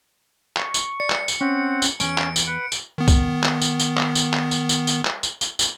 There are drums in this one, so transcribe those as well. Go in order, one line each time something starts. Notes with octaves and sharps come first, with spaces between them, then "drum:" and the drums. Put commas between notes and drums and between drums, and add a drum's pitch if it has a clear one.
C#6, drum: clap
drum: tambourine
D5 C#7
drum: clap
drum: tambourine
C4 C#4 F#5
drum: tambourine
E2 G2 C#4 D7, drum: tambourine
drum: clap
drum: tambourine
B4 F#5
drum: tambourine
D#3 B3
drum: kick, tambourine
drum: clap
drum: tambourine
drum: tambourine
drum: clap
drum: tambourine
drum: clap
drum: tambourine
drum: tambourine
drum: tambourine
drum: clap
drum: tambourine
drum: tambourine
drum: tambourine